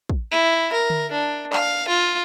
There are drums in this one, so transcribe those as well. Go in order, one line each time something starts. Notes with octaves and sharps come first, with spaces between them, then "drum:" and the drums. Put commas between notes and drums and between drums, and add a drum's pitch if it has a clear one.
drum: kick
E4
A#4
drum: tom D3
D4
F5, drum: clap
F4